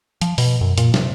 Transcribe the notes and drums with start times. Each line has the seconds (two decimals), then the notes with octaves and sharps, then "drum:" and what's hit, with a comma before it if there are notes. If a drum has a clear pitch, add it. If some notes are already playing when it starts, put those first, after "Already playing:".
0.21 F3, drum: hi-hat
0.38 B2, drum: open hi-hat
0.61 F#2
0.78 A#2, drum: hi-hat
0.94 C3, drum: snare